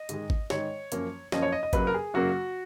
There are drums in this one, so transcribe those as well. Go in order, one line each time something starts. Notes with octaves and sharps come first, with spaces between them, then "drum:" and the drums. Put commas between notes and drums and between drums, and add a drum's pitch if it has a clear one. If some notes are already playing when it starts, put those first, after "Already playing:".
Already playing: D#5
G#2 D#3 G#3, drum: hi-hat
drum: kick G#1
G#2 D#3 G#3 C#5, drum: snare
F#2 F3 A#3 C#4, drum: hi-hat
F#2 F3 A#3 C#4 D#5, drum: snare
C#5
D#5
D#5
F#2 C#3 F#3 A#3 B4, drum: kick G#1, hi-hat
A#4
G#4
F#2 C#3 F#3 A#3 F#4